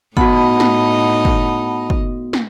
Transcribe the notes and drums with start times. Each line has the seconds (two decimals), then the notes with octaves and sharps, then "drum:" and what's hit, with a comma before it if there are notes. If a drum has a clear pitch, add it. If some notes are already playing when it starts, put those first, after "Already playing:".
0.17 A2 B3 D#4 F#4 D#5 F#5 A5 B5, drum: kick
0.60 drum: snare
1.25 drum: kick
1.90 drum: kick
2.33 drum: snare